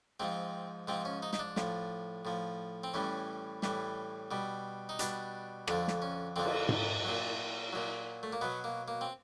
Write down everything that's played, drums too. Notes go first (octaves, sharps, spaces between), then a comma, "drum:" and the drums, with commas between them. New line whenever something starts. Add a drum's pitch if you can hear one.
G#2 F3 C4
G#2 F3 C4
C#4
D#4
D#4, drum: snare
D4
A2 F3, drum: snare
A2 F3
C4
A2 E3 G3 C#4
A2 E3 G3, drum: snare
B2 G3
D#4
B2 G3 D4, drum: hi-hat
F2 D3 F3 D4, drum: rim click
drum: snare
C#4
F2 D3 F3 C4
drum: cymbal
drum: tom G#2
A#2 F#3
A#2 F#3
A3
A#3
B2 F#3 B3
A#3
A#3
C4